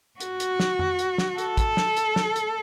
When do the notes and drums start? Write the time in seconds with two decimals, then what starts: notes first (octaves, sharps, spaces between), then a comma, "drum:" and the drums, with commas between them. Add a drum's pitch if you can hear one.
0.20 F#4, drum: hi-hat
0.40 drum: hi-hat
0.60 drum: snare
0.79 drum: tom F2
0.99 drum: hi-hat
1.18 drum: snare
1.38 A4, drum: hi-hat
1.57 drum: kick, hi-hat
1.77 drum: snare
1.97 drum: hi-hat
2.16 drum: snare
2.36 drum: hi-hat